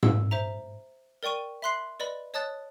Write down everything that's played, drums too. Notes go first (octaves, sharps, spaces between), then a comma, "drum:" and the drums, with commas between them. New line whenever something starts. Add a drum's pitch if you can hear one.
E6, drum: tom G#2
C5 E5 A#5
A#4 D5 G5 C#6 D#7
E5 B5 C6 F#6 C7 F#7
B4 D5 D#5 B5
C#5 D#5 A5 D#6 F#6 A6